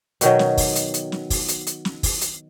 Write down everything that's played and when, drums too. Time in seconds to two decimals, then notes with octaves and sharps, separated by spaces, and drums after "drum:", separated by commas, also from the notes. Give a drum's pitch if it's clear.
0.21 B2 D#3 F#3, drum: hi-hat
0.39 drum: snare
0.57 drum: kick, open hi-hat
0.76 drum: hi-hat
0.94 drum: hi-hat
1.12 drum: snare
1.30 drum: kick, open hi-hat
1.49 drum: hi-hat
1.67 drum: hi-hat
1.85 drum: snare
2.03 drum: kick, open hi-hat
2.21 drum: hi-hat